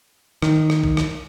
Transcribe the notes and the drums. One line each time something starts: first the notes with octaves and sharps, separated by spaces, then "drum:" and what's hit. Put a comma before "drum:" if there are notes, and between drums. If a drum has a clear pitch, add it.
D#3, drum: rim click
drum: rim click
drum: kick
drum: rim click